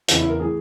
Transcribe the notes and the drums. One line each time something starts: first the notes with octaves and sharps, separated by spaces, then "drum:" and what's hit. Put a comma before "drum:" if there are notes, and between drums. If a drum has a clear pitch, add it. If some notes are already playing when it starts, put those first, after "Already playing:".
E2 C#3 E3, drum: hi-hat
E4
A#4
A2 E3 G#4